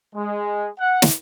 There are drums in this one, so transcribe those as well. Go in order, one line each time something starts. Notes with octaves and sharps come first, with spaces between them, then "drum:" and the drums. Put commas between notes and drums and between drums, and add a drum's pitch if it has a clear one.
G#3
F#5
drum: snare